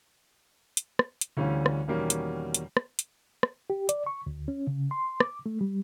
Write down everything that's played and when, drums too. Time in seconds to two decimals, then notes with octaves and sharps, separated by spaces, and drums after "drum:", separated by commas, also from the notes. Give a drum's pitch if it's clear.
0.77 drum: hi-hat
0.99 drum: rim click
1.21 drum: hi-hat
1.37 D2 D3 E3 G3 C#4 F5
1.66 drum: rim click
1.87 E2 B2 D#3 G3 A#3 C#4
2.10 drum: hi-hat
2.54 drum: hi-hat
2.77 drum: rim click
2.99 drum: hi-hat
3.43 drum: rim click
3.70 G4
3.89 D5, drum: hi-hat
4.06 C#6
4.26 D2
4.48 C#4
4.67 C#3
4.91 C6
5.20 D6, drum: rim click
5.46 A3
5.61 G3